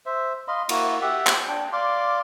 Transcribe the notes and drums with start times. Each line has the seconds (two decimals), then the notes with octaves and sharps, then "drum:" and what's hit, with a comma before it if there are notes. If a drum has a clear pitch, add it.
0.06 C5 E5
0.48 D#5 F5 B5 C6
0.69 A#3 E4 F#4, drum: cymbal
1.01 G4 E5 F#5
1.27 drum: clap
1.48 D4 G5
1.73 D5 F5 C6 D6